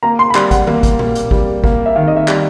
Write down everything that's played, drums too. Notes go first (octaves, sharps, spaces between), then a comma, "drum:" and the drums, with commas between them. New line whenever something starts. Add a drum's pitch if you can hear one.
A#3 A#5
C6
B5
G3 C6, drum: clap
F#5, drum: kick, hi-hat
A#3, drum: tom D#3
drum: kick, hi-hat
A#3, drum: tom A#2
drum: hi-hat
G3, drum: kick
A#3, drum: kick
E5
D#3 F5
D#5
E5
G3, drum: clap